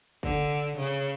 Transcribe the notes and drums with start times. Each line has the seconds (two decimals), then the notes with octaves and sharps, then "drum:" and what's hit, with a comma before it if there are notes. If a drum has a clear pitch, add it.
0.23 D3, drum: kick
0.78 C#3